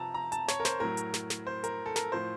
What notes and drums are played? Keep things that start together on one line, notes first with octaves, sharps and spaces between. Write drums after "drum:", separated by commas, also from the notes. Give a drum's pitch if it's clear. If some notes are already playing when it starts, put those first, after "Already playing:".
Already playing: C3 F3 A5 A#5
A#5
A5, drum: hi-hat
C#5, drum: snare
A#4
C5, drum: snare
A2 F#3 A#4
drum: hi-hat
drum: snare
drum: snare
C5
A#4, drum: hi-hat
A4
A#4, drum: snare
A2 F3 C5